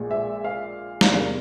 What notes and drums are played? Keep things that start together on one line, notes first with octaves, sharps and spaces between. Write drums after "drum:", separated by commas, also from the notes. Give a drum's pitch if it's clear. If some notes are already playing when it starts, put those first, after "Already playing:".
Already playing: A#1 A#2 G#3
E5
F5
drum: snare
E2 C3 G3 A#3 F5